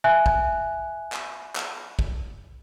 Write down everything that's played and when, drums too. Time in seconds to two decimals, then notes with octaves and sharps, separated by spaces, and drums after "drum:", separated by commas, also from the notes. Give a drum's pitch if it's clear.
0.04 E5 G#5 F#6
0.26 drum: kick
1.12 drum: clap
1.55 drum: clap
1.99 drum: kick